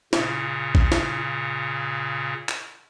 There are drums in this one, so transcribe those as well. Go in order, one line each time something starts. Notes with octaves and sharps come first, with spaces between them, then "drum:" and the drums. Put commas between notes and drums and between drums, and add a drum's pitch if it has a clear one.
A#2 C#3, drum: snare
drum: kick A1
drum: snare
drum: clap